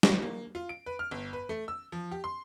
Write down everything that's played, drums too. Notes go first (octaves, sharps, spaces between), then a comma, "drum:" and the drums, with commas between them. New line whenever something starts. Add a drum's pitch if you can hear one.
drum: snare
A#3
F4
D7
B4
F6
G1
B4
A3
E6
F3
G4
C6